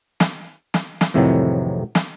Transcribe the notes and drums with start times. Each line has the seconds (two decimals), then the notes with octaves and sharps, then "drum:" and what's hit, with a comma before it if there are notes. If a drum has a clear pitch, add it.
0.20 drum: snare
0.74 drum: snare
1.01 drum: snare
1.14 F2 A2 C3 D#3 E3 F#3
1.95 drum: snare